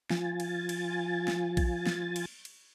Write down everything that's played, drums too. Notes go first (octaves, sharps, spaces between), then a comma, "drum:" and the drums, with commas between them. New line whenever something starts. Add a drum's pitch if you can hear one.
F3 F4 G#5 A6, drum: snare
drum: cymbal
drum: cymbal
drum: snare
drum: kick A#1, cymbal
drum: snare
drum: cymbal
drum: cymbal